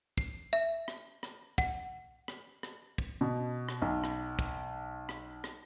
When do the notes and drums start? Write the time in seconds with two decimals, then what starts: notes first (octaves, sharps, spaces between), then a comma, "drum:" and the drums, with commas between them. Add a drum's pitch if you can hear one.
0.18 C7, drum: kick
0.53 E5
0.88 drum: rim click
1.23 drum: rim click
1.58 F#5, drum: kick
2.28 drum: rim click
2.63 drum: rim click
2.98 drum: kick
3.21 B2
3.69 drum: rim click
3.82 B1
4.04 drum: rim click
4.39 drum: kick
5.09 drum: rim click
5.44 drum: rim click